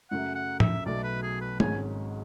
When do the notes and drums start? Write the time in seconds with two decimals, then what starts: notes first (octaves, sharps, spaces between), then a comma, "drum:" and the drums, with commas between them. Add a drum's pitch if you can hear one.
0.11 F#2 C#3 F#3 A3 F#5
0.35 F#5
0.60 E5, drum: tom
0.86 B1 B2 F#3 A3 D5
1.04 B4
1.23 G#4
1.41 B4
1.60 G#1 G#2 G#3 C#4 G#5, drum: tom